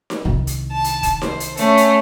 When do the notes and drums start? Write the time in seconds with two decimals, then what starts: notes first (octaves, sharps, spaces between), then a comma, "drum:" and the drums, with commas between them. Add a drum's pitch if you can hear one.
0.10 drum: snare D#4
0.25 C2 D#3
0.47 drum: hi-hat
0.72 A5
0.84 drum: hi-hat
1.03 drum: kick, hi-hat
1.22 C5, drum: snare D#4
1.40 drum: hi-hat
1.57 A3 C#4, drum: hi-hat
1.77 drum: hi-hat